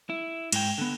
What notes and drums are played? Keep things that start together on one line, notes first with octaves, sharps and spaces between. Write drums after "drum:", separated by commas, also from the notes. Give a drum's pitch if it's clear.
E4
G#2 G5, drum: cymbal
D3 B3